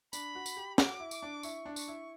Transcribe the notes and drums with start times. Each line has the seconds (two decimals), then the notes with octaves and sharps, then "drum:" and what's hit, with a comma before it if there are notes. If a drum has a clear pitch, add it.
0.13 D4 B5, drum: tambourine
0.35 F#4
0.46 drum: tambourine
0.57 G4
0.78 F#4 D6, drum: snare
1.00 E4
1.11 D6, drum: tambourine
1.23 D4
1.43 E4 C#6, drum: tambourine
1.66 D4
1.76 C#6, drum: tambourine
1.88 E4